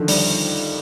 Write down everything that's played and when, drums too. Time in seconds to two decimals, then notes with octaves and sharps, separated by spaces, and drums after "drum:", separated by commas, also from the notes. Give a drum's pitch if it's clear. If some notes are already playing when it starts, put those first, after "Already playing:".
Already playing: D3 D#3 F3
0.08 G3, drum: open hi-hat